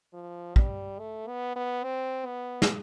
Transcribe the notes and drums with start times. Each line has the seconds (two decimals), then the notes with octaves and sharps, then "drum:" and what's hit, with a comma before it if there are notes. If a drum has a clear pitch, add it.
0.14 F3
0.56 G3, drum: kick
0.99 A3
1.28 B3
1.56 B3
1.84 C4
2.26 B3
2.62 drum: snare